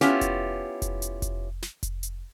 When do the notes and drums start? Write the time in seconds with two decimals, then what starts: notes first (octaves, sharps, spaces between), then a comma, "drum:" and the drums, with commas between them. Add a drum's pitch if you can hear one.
0.01 B3 C#4 E4 F4 G4, drum: snare
0.21 drum: kick F1, hi-hat
0.82 drum: kick F1, hi-hat
1.02 drum: hi-hat
1.22 drum: kick F1, hi-hat
1.62 drum: snare
1.83 drum: kick F1, hi-hat
2.03 drum: hi-hat